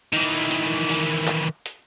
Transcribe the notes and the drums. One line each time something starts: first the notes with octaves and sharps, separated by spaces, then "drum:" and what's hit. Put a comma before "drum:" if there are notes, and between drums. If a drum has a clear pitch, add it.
D#3 E3, drum: hi-hat
drum: hi-hat
drum: open hi-hat
drum: clap
drum: hi-hat